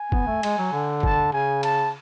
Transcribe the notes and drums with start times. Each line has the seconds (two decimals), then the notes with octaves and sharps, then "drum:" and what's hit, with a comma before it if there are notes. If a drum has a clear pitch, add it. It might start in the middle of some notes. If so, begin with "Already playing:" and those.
Already playing: G#5
0.12 B3, drum: kick
0.27 A3
0.43 G#3, drum: cymbal
0.58 F#3
0.72 D3
1.03 A5, drum: kick
1.33 C#3 G#5
1.63 A5, drum: cymbal